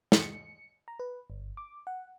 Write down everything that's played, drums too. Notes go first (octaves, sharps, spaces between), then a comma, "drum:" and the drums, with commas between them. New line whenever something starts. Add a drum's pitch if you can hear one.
C#7, drum: snare
A#5
B4
G1
D6
F#5